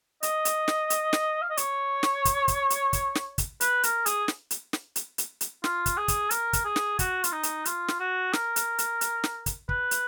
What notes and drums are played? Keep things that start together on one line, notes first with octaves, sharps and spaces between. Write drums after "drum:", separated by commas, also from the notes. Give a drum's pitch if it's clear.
D#5, drum: hi-hat
drum: hi-hat
drum: snare
drum: hi-hat
drum: snare
F5
D#5
C#5, drum: hi-hat
drum: snare
drum: kick, hi-hat
drum: kick, hi-hat
drum: hi-hat
drum: kick, hi-hat
drum: snare
drum: kick, hi-hat
B4, drum: hi-hat
A#4, drum: hi-hat
G#4, drum: hi-hat
drum: snare
drum: hi-hat
drum: snare
drum: hi-hat
drum: hi-hat
drum: hi-hat
F4, drum: snare
drum: kick, hi-hat
G#4
drum: kick, hi-hat
A#4, drum: hi-hat
drum: kick, hi-hat
G#4
drum: snare
F#4, drum: kick, hi-hat
F4, drum: hi-hat
D#4
drum: hi-hat
F4, drum: hi-hat
drum: snare
F#4
A#4, drum: snare
drum: hi-hat
drum: hi-hat
drum: hi-hat
drum: snare
drum: kick, hi-hat
B4, drum: kick
drum: hi-hat